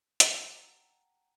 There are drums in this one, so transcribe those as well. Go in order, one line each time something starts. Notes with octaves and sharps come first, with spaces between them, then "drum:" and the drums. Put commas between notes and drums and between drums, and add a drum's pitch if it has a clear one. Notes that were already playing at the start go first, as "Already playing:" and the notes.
F#5 G5 A5 A#5, drum: hi-hat